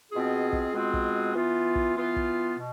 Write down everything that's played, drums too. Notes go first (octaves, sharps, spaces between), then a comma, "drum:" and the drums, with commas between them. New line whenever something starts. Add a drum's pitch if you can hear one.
B2 G#3 C4 F4 G#4
drum: kick
B2 G#3 C4 F4 G#4
drum: kick
E3 B3 F4
drum: kick
E3 B3 F4
drum: kick
B2